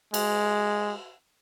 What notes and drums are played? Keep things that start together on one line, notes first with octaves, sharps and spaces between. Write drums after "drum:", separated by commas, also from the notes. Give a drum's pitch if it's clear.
G#3, drum: cymbal